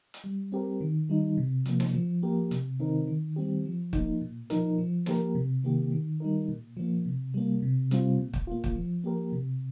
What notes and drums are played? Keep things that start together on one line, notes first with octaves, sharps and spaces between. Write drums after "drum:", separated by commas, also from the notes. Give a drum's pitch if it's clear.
drum: hi-hat
G3
C4 G4 A#4
D#3
G3 D#4
C3
F3 A#3, drum: hi-hat
drum: snare
F3
A#3 G4 A#4
C3, drum: hi-hat
D#3 C4 D#4 A#4
D#3
G3 C4 G4
F3
A#3 D#4, drum: kick
A#2
F3 D#4 A#4, drum: hi-hat
F3
A#3 G4 A#4, drum: snare
C3
D#3 A#3 G4
D#3
G3 D#4 A#4
A#2
F3 A#3
C3
G3 A#3
C3
G3 C4 F4, drum: hi-hat
A#2
drum: kick
A#3 F4
drum: kick
F3
A#3 G4 A#4
C3